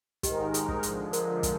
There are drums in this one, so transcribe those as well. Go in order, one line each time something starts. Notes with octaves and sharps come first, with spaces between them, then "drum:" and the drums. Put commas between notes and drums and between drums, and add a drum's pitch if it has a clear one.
G#2 D#3 G#3 D#4 G4 A#4, drum: kick, hi-hat
G#4, drum: hi-hat
drum: kick
D3 F3 G#3, drum: hi-hat
A#4, drum: hi-hat
drum: kick, hi-hat